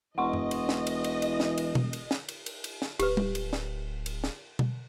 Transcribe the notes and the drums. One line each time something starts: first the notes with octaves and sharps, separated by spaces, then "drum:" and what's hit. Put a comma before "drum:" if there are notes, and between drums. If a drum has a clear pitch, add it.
E1 E3 D#5 F#5 C6 C#6
drum: tom F#2
drum: cymbal
drum: snare
drum: cymbal
drum: cymbal
drum: cymbal
drum: snare
drum: cymbal
drum: tom B2
drum: cymbal
drum: snare
drum: cymbal
drum: cymbal
drum: cymbal
drum: snare
D1 G4 B4, drum: cymbal
drum: tom G3
drum: cymbal
drum: snare
drum: cymbal
drum: snare
drum: tom B2